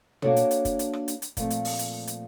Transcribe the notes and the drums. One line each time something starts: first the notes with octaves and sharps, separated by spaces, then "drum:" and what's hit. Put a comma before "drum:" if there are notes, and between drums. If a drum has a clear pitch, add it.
A#3 D4 F#4 A4 C#5, drum: tom
drum: hi-hat
drum: hi-hat
drum: kick, hi-hat
drum: hi-hat
drum: rim click
drum: hi-hat
drum: hi-hat
A#2 F3 A3 C4, drum: kick, hi-hat
drum: hi-hat
drum: open hi-hat
drum: hi-hat
drum: hi-hat